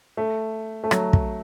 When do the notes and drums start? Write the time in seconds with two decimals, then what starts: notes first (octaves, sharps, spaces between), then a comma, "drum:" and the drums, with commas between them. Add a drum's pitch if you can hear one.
0.17 A3
0.84 A3
0.91 F#3, drum: rim click
1.13 drum: kick